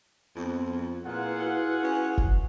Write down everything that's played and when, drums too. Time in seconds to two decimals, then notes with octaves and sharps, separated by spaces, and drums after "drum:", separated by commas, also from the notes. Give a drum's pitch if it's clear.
0.36 F2 B3 C4 F4
1.06 A#2 E4 F4 G#4 B4 F#5
1.40 E4 F#4 B4
1.83 C#4
2.18 drum: kick